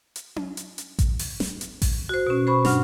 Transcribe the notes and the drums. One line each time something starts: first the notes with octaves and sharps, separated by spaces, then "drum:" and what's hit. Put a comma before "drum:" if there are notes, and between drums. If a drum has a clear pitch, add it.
drum: hi-hat
drum: tom C#4
drum: hi-hat
drum: hi-hat
drum: kick A1, hi-hat
drum: open hi-hat
drum: snare
drum: hi-hat
drum: kick A1, open hi-hat
F#4 C5
B2 C#4
C5 B5 C#6
G2 D4 F#5 F6, drum: snare